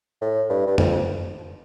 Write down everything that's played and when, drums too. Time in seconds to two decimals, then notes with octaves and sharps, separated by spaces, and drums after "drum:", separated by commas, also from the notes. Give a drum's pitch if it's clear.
0.22 A2
0.50 G2
0.67 G2
0.78 F2, drum: tom